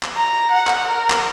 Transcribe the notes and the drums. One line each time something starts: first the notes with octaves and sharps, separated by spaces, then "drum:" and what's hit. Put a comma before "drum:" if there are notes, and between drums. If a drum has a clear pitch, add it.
drum: clap
A#5
F#5
drum: clap
A#4
drum: clap